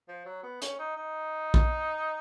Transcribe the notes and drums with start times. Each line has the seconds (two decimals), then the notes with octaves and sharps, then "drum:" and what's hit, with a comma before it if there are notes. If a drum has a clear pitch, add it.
0.08 F3
0.26 F#3
0.43 B3
0.62 C#4, drum: hi-hat
0.79 D#4
0.96 D#4
1.54 drum: kick A#1